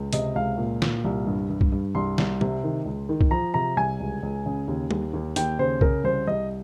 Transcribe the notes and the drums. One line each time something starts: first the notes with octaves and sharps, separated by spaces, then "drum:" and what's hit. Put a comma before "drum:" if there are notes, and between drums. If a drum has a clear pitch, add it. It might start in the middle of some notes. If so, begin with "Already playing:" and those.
Already playing: C#2
C3 D#5, drum: hi-hat
C#2 F5
A#2
A#2, drum: snare
C2
G2
G2
drum: kick C2
G2
C2 C6
C2, drum: snare
C3, drum: tom G3
D#3
C#2
D#3
drum: kick C2
F3 A#5
C3 A#5
C2 G#5
C#2
C#2
C#3
D#2
D#2, drum: tom G3
D#2
D#2 G5, drum: hi-hat
C#3 C5
C#3 A#4, drum: kick C2
C2 C5
C2 D#5